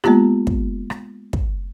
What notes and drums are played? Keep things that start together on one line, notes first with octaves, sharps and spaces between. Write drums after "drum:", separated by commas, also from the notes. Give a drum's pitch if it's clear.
G#3 A#3 B3 F4 G4, drum: rim click
drum: kick
drum: rim click
drum: kick